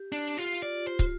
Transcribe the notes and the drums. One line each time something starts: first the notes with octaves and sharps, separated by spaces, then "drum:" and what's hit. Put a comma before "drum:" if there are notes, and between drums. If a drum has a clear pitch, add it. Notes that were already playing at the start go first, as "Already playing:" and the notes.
Already playing: G4
D4
F4
F4 D5
C5
F4, drum: kick